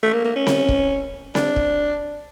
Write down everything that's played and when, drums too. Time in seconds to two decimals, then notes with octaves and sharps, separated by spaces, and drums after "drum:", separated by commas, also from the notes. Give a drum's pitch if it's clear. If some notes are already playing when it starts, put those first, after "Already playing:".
0.03 A3
0.14 A#3
0.25 A#3
0.36 C#4
0.47 drum: snare C4
0.68 drum: kick
1.35 D4, drum: snare C4
1.56 drum: kick